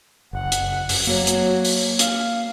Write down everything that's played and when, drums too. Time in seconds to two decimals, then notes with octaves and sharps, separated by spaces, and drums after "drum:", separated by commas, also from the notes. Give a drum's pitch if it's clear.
0.33 F#1 F#5
0.52 drum: hi-hat
0.89 F#2, drum: open hi-hat
1.07 F#3 A#3
1.27 drum: hi-hat
1.65 drum: open hi-hat
1.99 F5, drum: hi-hat